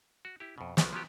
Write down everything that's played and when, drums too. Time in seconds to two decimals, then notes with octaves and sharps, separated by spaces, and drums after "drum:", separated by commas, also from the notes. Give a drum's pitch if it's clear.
0.25 F#4
0.40 E4 G4
0.58 F2 B2
0.77 B1 F3 F#3 B3 G5, drum: snare
0.93 F3 F#3 B3 G4